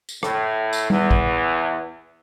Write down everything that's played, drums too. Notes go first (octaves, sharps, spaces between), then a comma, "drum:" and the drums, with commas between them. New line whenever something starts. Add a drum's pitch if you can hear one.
drum: tambourine
A2, drum: rim click
drum: tambourine
E2, drum: tom G3
drum: kick